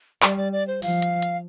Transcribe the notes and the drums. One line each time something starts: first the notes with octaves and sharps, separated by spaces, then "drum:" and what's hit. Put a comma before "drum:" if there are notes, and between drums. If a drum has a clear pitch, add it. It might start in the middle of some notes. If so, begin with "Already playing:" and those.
G3 D5, drum: clap
D5
D5
C5
F3 F5, drum: open hi-hat
drum: hi-hat
drum: hi-hat